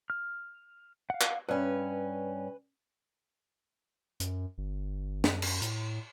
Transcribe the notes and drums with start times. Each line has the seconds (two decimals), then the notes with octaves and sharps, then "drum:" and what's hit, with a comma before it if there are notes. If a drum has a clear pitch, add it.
0.10 F6
1.10 F5 F#5
1.21 drum: clap
1.49 G2 C#4 B4
4.20 F#2, drum: hi-hat
4.58 G1
5.24 F#2, drum: snare
5.42 drum: cymbal
5.62 A2, drum: hi-hat